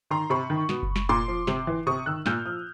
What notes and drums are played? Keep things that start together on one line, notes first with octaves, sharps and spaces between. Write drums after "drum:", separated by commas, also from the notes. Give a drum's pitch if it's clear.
D#3 A#5 C6
C3 B5 C#6
D#3
B2, drum: snare
drum: kick F#1
drum: snare
A#2 C6 D6
F3
C3, drum: snare
E3
C3 C#6 D#6
D#3 E6 F#6
A#2 F6 G6, drum: snare
F3 D#6 F6